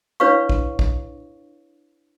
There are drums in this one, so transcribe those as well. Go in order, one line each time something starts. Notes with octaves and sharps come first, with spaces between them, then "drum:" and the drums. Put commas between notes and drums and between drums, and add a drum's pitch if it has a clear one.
D4 E4 B4 C#5 F5 C#6
drum: kick B1
drum: kick B1